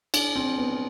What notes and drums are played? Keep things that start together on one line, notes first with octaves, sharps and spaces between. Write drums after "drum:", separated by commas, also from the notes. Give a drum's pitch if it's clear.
D4, drum: cymbal
C4
B3